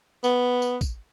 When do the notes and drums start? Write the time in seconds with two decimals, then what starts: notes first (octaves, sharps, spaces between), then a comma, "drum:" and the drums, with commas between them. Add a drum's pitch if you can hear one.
0.24 B3, drum: tambourine
0.62 drum: tambourine
0.81 drum: kick, tambourine